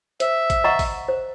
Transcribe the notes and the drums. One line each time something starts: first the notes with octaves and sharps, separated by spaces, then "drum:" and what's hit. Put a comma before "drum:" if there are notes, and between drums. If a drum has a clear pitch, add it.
C5 E5, drum: hi-hat
drum: kick A1, hi-hat
D#5 F#5 A#5 C#6
drum: kick A1, open hi-hat
C5